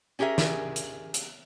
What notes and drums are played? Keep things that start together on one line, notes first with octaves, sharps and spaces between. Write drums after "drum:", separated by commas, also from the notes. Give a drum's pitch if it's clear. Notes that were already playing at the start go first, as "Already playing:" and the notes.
C#4 G4 G#4 A#4 E5
drum: snare
drum: hi-hat
drum: hi-hat